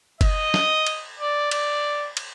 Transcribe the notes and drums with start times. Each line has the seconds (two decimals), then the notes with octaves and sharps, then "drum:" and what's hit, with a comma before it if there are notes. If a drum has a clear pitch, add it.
0.21 D#5, drum: kick F#1, cymbal
0.54 drum: snare
0.87 drum: cymbal
1.20 D5
1.51 D5, drum: cymbal
2.17 drum: cymbal